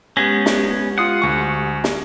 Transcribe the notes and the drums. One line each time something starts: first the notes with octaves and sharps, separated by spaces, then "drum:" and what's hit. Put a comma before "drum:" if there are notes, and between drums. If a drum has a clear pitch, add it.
G#3 B3 C#4 G4 G#6 A#6
drum: snare
F4 F#5 D#6 C7
D2 C#6
drum: snare